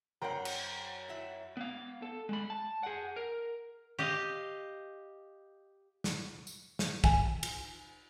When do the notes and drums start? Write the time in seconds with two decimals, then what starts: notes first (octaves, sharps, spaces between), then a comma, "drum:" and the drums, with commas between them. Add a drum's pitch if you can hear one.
0.22 F#2 A#4 C5 F#5 G5
0.45 drum: cymbal
1.08 E4 F#4 E5
1.57 B3 F5
2.02 A4
2.29 G#3 B5
2.50 A5
2.83 G#4 F#5
3.16 A#4
3.99 G4 D#5 F5
6.04 drum: snare
6.47 drum: tambourine
6.79 drum: snare
7.04 G#5, drum: kick
7.43 drum: cymbal